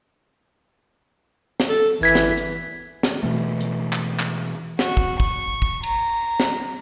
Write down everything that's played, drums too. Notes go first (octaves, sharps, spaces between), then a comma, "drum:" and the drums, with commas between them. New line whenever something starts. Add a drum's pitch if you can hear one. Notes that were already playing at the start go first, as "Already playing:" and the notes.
drum: snare
A4
G#1 E3 G#6 B6, drum: tambourine
drum: snare
drum: hi-hat
drum: snare
B2 E3 A3
drum: hi-hat
drum: clap
drum: clap
F#4, drum: snare
drum: kick
C#6, drum: kick
drum: kick
A#5, drum: cymbal
drum: snare